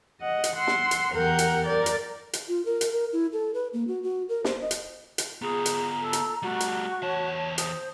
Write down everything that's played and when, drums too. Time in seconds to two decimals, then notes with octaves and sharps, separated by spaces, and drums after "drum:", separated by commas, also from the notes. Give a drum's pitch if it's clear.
0.20 D#5 F#5
0.44 drum: hi-hat
0.55 F#5 C6 E6
0.67 drum: snare
0.91 drum: hi-hat
1.11 E2 G4 A#4 F#5 G6
1.39 drum: hi-hat
1.64 A#4 D5
1.86 drum: hi-hat
2.33 drum: hi-hat
2.49 F4
2.65 A#4
2.81 drum: hi-hat
2.92 A#4
3.13 E4
3.33 A4
3.54 B4
3.73 A#3
3.88 F#4
4.03 F#4
4.29 A#4
4.45 C5, drum: snare
4.61 D#5
4.71 drum: hi-hat
5.18 drum: hi-hat
5.42 B3 F4 G#4 A#5
5.66 drum: hi-hat
6.02 A4
6.13 drum: hi-hat
6.43 G3 A3 F#4
6.60 drum: hi-hat
7.03 E2 C#5 A5
7.58 C5 D#6, drum: hi-hat